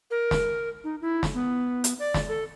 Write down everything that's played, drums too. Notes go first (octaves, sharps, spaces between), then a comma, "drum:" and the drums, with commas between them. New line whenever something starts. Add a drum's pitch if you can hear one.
A#4
drum: snare
D#4
E4
drum: snare
B3
drum: hi-hat
D5
drum: snare
A4